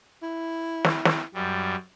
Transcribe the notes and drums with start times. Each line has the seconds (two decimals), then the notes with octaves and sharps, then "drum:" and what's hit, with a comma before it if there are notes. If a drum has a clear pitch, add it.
0.22 E4
0.84 drum: snare
1.05 drum: snare
1.34 F#2 G3